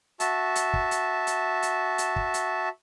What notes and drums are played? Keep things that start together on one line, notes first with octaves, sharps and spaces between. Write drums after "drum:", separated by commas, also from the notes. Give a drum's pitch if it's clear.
F#4 E5 A5, drum: hi-hat
drum: hi-hat
drum: kick
drum: hi-hat
drum: hi-hat
drum: hi-hat
drum: hi-hat
drum: kick
drum: hi-hat